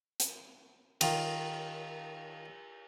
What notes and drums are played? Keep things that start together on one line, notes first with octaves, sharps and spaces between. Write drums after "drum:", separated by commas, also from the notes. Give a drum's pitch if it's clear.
drum: hi-hat
D#3 F4, drum: cymbal